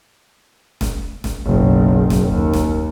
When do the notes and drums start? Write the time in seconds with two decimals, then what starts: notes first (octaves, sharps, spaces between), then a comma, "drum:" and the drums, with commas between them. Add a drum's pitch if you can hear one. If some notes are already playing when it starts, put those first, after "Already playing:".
0.81 drum: snare
1.24 drum: snare
1.46 F#1 B1
2.10 drum: snare
2.28 D#2
2.53 drum: snare